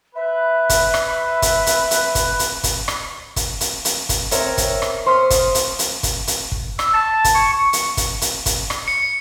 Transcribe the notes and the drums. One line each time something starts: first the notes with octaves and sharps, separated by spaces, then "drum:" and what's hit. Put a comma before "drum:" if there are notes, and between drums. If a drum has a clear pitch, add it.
B4 E5
drum: kick, hi-hat
drum: rim click
drum: kick, hi-hat
drum: hi-hat
drum: hi-hat
drum: kick, hi-hat
drum: hi-hat
drum: kick, hi-hat
drum: rim click
drum: kick, hi-hat
drum: hi-hat
drum: hi-hat
drum: kick, hi-hat
C4 A#4 C#5 E5, drum: hi-hat
drum: kick, hi-hat
drum: rim click
C5 C6 C#6 D#6 F6 B6
drum: kick, hi-hat
drum: hi-hat
drum: hi-hat
drum: kick, hi-hat
drum: hi-hat
drum: kick
E6, drum: rim click
A5
drum: kick, hi-hat
C#6
C#6
drum: hi-hat
drum: kick, hi-hat
drum: hi-hat
drum: kick, hi-hat
drum: rim click
C#7